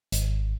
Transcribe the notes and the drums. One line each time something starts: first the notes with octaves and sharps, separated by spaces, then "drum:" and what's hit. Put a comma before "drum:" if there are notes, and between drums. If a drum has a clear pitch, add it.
G#1, drum: hi-hat